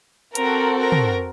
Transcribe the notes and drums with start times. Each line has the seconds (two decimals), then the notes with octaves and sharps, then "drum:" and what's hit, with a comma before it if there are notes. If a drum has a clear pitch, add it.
0.35 C4 F#4 A4 A#4, drum: hi-hat
0.80 A#4
0.92 drum: tom